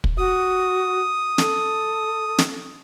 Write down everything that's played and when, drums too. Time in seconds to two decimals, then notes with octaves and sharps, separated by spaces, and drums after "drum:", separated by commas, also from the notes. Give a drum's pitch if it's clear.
0.04 drum: kick
0.18 F#4 D#6
1.38 A4, drum: snare
2.38 drum: snare